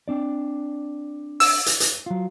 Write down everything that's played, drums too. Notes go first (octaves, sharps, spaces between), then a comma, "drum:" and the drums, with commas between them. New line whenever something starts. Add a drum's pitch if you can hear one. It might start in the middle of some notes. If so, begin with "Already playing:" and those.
C4 D4 D5
E6, drum: open hi-hat
drum: hi-hat
drum: hi-hat
F#3 F4